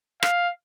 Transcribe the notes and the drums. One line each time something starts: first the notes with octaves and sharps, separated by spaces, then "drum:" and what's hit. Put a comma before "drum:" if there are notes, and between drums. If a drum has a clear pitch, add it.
F5, drum: rim click